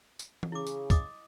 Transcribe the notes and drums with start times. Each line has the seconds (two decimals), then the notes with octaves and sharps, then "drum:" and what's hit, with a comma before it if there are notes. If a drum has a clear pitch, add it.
0.19 drum: tambourine
0.43 drum: tom E3
0.52 C#3 E4 G#4 D6
0.66 drum: tambourine
0.90 D#5 D6 D#6, drum: kick, tambourine